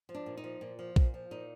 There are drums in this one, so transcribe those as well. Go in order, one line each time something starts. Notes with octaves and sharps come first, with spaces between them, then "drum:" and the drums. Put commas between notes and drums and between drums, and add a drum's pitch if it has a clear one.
F3
D4
A#2
D#4
F3
A#2
F3
A#2, drum: kick B1
F3
A#2 D#4